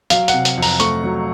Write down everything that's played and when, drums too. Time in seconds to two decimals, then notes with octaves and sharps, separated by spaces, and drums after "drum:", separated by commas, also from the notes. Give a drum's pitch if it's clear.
0.10 F#3 F5, drum: hi-hat
0.28 F#5, drum: hi-hat
0.33 C3
0.45 drum: hi-hat
0.57 F2
0.62 A#5, drum: open hi-hat
0.80 A3 C#6, drum: hi-hat
1.04 F#3